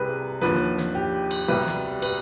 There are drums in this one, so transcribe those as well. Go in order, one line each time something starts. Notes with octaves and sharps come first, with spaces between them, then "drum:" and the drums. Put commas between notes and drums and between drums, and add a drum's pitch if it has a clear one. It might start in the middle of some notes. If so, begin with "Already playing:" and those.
Already playing: C2 C3 G3 G#4 B4
D#2 D3 F3 B4, drum: snare
drum: snare
G4
drum: cymbal
C2 B2 G3 B4
drum: snare
B4, drum: cymbal